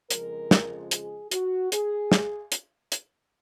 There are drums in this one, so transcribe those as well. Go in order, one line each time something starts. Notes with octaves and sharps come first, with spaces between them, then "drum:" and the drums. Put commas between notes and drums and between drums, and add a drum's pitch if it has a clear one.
F2 C#3 F3 G#3 A#4, drum: hi-hat
drum: snare
G#4, drum: hi-hat
F#4, drum: hi-hat
G#4, drum: hi-hat
drum: snare
drum: hi-hat
drum: hi-hat